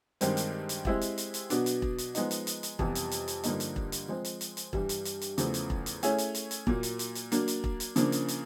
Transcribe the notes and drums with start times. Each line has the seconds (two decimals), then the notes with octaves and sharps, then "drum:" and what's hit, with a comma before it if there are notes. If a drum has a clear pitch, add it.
0.21 G2 D#3 G#3 C4, drum: hi-hat
0.37 drum: hi-hat
0.69 drum: hi-hat
0.85 G#3 C4 E4 G4, drum: kick E1
1.01 drum: hi-hat
1.18 drum: hi-hat
1.34 drum: hi-hat
1.50 B2 F#3 B3 D4, drum: hi-hat
1.66 drum: hi-hat
1.82 drum: kick E1
1.98 drum: hi-hat
2.15 F3 G#3 B3 D#4, drum: hi-hat
2.31 drum: hi-hat
2.47 drum: hi-hat
2.63 drum: hi-hat
2.79 F2 C3 E3 G3 B3, drum: kick E1
2.95 drum: hi-hat
3.11 drum: hi-hat
3.28 drum: hi-hat
3.43 G2 D3 F3 A#3 D#4, drum: hi-hat
3.60 drum: hi-hat
3.76 drum: kick E1
3.92 drum: hi-hat
4.08 F3 G#3 C4
4.25 drum: hi-hat
4.41 drum: hi-hat
4.57 drum: hi-hat
4.73 G2 E3 G3, drum: kick E1
4.89 drum: hi-hat
5.05 drum: hi-hat
5.21 drum: hi-hat
5.38 E2 C#3 F3 A3, drum: hi-hat
5.54 drum: hi-hat
5.70 drum: kick E1
5.86 drum: hi-hat
6.03 A3 C#4 E4 G#4 C#5, drum: hi-hat
6.18 drum: hi-hat
6.35 drum: hi-hat
6.51 drum: hi-hat
6.67 A#2 F#3 A#3, drum: kick E1
6.83 drum: hi-hat
6.99 drum: hi-hat
7.15 drum: hi-hat
7.32 F#3 A#3 D4, drum: hi-hat
7.48 drum: hi-hat
7.64 drum: kick E1
7.80 drum: hi-hat
7.96 C#3 F3 A#3 D4, drum: hi-hat
8.12 drum: hi-hat
8.28 drum: hi-hat